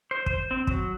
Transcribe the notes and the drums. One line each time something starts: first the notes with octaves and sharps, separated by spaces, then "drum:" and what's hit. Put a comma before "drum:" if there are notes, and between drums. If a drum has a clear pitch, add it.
C5
C5, drum: kick
C4
F#3, drum: kick